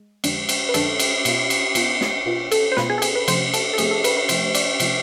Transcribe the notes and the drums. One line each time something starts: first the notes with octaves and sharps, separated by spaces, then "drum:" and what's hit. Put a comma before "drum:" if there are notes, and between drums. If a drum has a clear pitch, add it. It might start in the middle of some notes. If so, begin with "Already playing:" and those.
Already playing: G#3
F2 D3 G#3 D4, drum: cymbal
drum: cymbal
B4
F2 D3 G#3 D4 A4, drum: cymbal
drum: cymbal
B2 B3 F4, drum: cymbal
drum: cymbal
B2 B3 F4, drum: cymbal
drum: snare
B2 B3 F4
A4, drum: cymbal
C5
B2 B3 F4 B4, drum: snare
G#4
A4
G#4, drum: cymbal
B4
C3 F3 A3 C5, drum: cymbal
A4, drum: cymbal
A4
C3 F3 A3 G#4, drum: cymbal
A4
B4, drum: cymbal
B4
C3 F3 A3 C5, drum: cymbal
D5, drum: cymbal
C3 F3 A3, drum: cymbal